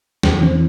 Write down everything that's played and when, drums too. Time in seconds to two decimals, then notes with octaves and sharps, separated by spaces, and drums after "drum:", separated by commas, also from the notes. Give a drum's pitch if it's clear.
0.23 E2, drum: snare
0.41 E3 C4